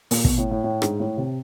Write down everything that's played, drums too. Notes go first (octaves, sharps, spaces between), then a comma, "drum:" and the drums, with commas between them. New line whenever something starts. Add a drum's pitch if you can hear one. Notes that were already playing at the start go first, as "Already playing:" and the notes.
A#2, drum: open hi-hat
B2, drum: kick
A2
A2
A2
G#2, drum: rim click
A2
C3